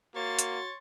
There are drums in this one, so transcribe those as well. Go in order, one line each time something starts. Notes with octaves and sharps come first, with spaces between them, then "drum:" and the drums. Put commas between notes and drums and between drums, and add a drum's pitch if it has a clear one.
A#3 F#4 C#5 C6 A6
drum: hi-hat